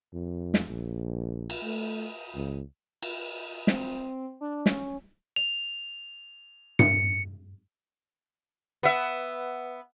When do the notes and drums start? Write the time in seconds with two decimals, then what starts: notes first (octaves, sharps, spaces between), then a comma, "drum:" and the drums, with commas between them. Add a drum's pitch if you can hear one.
0.13 F2
0.54 drum: snare
0.69 A#1
1.50 drum: cymbal
1.62 A3
2.35 C#2
3.03 drum: cymbal
3.67 C4, drum: snare
4.41 D4
4.66 C#4, drum: snare
5.36 F7
6.79 C#7, drum: tom G2
8.83 B3 E5